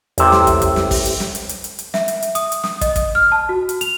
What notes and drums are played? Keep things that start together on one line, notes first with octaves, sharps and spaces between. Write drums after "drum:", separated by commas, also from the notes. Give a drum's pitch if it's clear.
A1 E2 C3 E6, drum: hi-hat
drum: snare
drum: kick, hi-hat
drum: kick, hi-hat
drum: snare
drum: kick, open hi-hat
drum: hi-hat
drum: snare
drum: hi-hat
drum: hi-hat
drum: hi-hat
drum: hi-hat
E5, drum: snare
drum: hi-hat
drum: hi-hat
D#6, drum: hi-hat
drum: hi-hat
D#6, drum: snare
D#5, drum: kick, hi-hat
drum: kick, hi-hat
F6
A5
F#4
drum: hi-hat
F7, drum: hi-hat